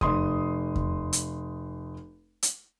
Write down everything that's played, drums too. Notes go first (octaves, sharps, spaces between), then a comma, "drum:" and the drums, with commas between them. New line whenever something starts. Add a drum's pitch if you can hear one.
F1 C6 D#6, drum: kick E2
drum: kick E2
drum: hi-hat
drum: hi-hat